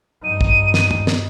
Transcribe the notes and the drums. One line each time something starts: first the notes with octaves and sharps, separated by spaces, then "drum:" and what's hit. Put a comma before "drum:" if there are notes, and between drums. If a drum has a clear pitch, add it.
G2 D#4 D#7
drum: kick
drum: snare
drum: tom
drum: snare